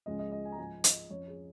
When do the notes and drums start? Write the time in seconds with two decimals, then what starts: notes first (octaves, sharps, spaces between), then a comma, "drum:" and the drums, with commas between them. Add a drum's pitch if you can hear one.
0.06 C#2 C#3 F3 G#3 C#4 D#5
0.19 D#5
0.32 D#5
0.45 G#5
0.52 A#5
0.58 G#2 F3 G#3 G#5
0.84 D#5, drum: hi-hat
1.10 F2 F3 C#4 C#5
1.27 G#4